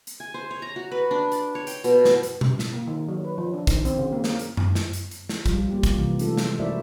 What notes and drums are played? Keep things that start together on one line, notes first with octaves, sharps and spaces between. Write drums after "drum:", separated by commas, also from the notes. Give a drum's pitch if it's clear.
drum: hi-hat
G#5
C5
C#5
A#5
F#4
B4
D4
D5, drum: hi-hat
C#5
G5, drum: hi-hat
B2, drum: hi-hat
drum: snare
drum: hi-hat
drum: tom B2
drum: snare
A#3
D#3
F#3
B4
F3
D4
D#3, drum: kick, hi-hat
C4, drum: hi-hat
C#3
A#3
A#3, drum: snare
drum: hi-hat
drum: tom F#2
drum: snare
drum: hi-hat
drum: hi-hat
drum: snare
F3 G3 F4, drum: kick, hi-hat
A#3 G4
drum: kick, hi-hat
C3 E3
G#3 A3 C#4 D#4 F4 A4, drum: hi-hat
drum: snare
E4 F#4 A#4 C5 D5 E5